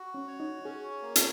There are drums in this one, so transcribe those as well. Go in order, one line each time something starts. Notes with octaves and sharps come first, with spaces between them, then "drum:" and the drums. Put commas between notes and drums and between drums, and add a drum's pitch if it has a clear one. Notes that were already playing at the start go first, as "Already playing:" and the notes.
Already playing: F#4
C#4
C#5
D#4
C#4 G#4
A#3
drum: hi-hat